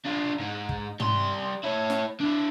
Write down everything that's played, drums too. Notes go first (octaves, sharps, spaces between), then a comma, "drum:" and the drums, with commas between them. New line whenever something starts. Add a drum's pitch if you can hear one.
D4 F4
G#2 D#4
drum: kick
G3 C6, drum: tom
E4 C#5
drum: snare
D4 E4